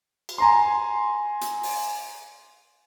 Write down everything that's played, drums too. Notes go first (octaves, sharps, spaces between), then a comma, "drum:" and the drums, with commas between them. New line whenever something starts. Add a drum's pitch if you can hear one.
drum: cymbal
G#5 A#5 C6
drum: hi-hat
drum: open hi-hat